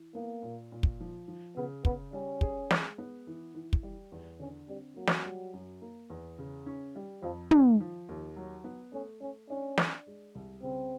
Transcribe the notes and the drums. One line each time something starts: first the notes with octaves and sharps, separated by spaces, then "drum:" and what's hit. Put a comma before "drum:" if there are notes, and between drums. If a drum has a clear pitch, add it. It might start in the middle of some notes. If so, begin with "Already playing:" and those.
Already playing: E3
A#3 B3
A#2
A#2
drum: kick
F3
F3
C#3 B3
C#3 B3, drum: kick
G3 C#4
G#4, drum: kick
G#3, drum: snare
B3
E3
E3
drum: kick
G3
E2
D3 C#4
G3 C4
F#3 A#3
drum: snare
G3
F#2
A#3
E2
C#3
C#4
G3
F2 F3
D#3 G3, drum: tom
F3
D#2
F#3
B3
A3 C#4
A3 C#4
C#4 D4
D4, drum: snare
G#3
C2
C#3 C4